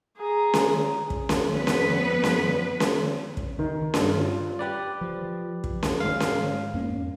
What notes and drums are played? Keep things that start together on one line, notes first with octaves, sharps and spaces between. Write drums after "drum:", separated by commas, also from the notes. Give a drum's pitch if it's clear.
G#4 A#5
drum: snare C#4
drum: kick
drum: snare C#4
F2 B3 B4
drum: snare C#4
drum: snare C#4
drum: snare C#4
drum: kick
D#3
G2, drum: snare C#4
F4
G4 B4 D5
F3
drum: kick
drum: snare C#4
G#2 F5
drum: snare C#4
F2 A#3 C#4